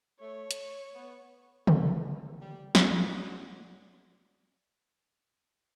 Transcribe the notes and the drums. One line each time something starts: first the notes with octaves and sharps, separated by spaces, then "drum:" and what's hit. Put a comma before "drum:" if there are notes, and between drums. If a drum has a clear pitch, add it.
A3 C#5
drum: hi-hat
B3
A3, drum: tom
G3
drum: snare
F#3 D5